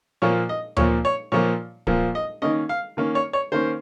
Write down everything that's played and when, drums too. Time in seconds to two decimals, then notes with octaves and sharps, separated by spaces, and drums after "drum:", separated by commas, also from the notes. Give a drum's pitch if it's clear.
0.22 A#2 F3 A#3 C#5
0.49 D#5
0.77 A#2 F3 A#3 C#5, drum: tom D2
1.05 C#5
1.32 A#2 F3 A#3 C#5
1.87 A#2 F3 A#3, drum: kick D1
2.15 D#5
2.42 D#3 A#3 C#4 D#5
2.69 F5
2.97 D#3 A#3 C#4
3.15 C#5
3.33 C#5
3.52 D#3 A#3 C#4 C5